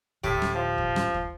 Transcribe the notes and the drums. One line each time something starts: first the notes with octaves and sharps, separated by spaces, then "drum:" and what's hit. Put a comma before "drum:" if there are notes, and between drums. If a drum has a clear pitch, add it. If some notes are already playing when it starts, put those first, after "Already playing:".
D1 A2 G4, drum: kick
drum: rim click
F3
drum: kick
drum: rim click
drum: kick